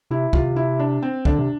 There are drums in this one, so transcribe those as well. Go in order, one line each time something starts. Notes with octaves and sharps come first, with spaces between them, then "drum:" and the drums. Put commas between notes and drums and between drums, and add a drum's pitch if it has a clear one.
C3 E4
C3 F4, drum: kick
E4
D4
C4
D3 D4, drum: kick
C3